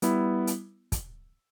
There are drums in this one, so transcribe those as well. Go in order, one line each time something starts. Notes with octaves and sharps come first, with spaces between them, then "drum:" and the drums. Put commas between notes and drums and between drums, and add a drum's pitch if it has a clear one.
G3 B3 E4, drum: hi-hat
drum: hi-hat
drum: kick, hi-hat